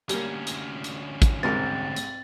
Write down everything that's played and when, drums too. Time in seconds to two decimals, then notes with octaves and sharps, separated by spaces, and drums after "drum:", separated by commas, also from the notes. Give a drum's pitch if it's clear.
0.09 D2 G3 A#3 C#4, drum: hi-hat
0.47 drum: hi-hat
0.84 drum: hi-hat
1.22 drum: kick, hi-hat
1.43 C2 G#2 C4 G4 A#4 D5 A6
1.96 drum: hi-hat